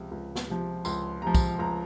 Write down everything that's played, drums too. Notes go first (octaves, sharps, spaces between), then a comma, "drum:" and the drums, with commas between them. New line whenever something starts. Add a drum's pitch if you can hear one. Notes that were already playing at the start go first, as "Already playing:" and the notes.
Already playing: C#2 C3 F3
C#2
drum: snare
C3 F3
C#2 C6, drum: tambourine
C3 F3 A#5
drum: kick, tambourine
C#2 A#5